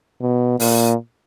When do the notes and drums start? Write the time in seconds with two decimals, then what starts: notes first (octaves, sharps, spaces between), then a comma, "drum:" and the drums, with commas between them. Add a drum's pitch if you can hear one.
0.21 B2
0.60 A#2, drum: open hi-hat